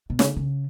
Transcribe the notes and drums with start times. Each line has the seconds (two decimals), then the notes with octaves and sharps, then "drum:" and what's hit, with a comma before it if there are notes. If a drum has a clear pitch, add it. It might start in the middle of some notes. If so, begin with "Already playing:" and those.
0.10 B2
0.19 C#3, drum: snare
0.36 C#3